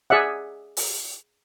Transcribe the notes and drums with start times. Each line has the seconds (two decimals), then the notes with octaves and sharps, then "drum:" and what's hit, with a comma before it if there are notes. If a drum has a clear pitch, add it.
0.10 G#4 D5 E5 F#5
0.77 drum: open hi-hat